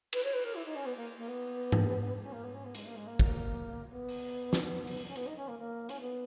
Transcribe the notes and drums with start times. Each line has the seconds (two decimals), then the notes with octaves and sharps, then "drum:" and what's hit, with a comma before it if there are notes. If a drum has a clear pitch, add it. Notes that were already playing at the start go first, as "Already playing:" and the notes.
0.13 B4, drum: cymbal
0.24 C#5
0.33 B4
0.44 A#4
0.54 E4
0.65 D#4
0.75 C#4
0.85 B3
0.96 A#3
1.17 A#3
1.27 B3
1.72 drum: tom G#2
2.22 C#4
2.32 A#3
2.43 B3
2.54 C#4
2.64 B3
2.75 G#3, drum: hi-hat
2.85 A#3
2.95 G#3
3.06 A#3
3.20 drum: kick
3.90 B3
4.09 drum: open hi-hat
4.53 drum: snare
4.87 drum: open hi-hat
5.08 C#4
5.16 B3, drum: hi-hat
5.26 D#4
5.36 C#4
5.48 A#3
5.58 A#3
5.89 C#4, drum: hi-hat
6.00 B3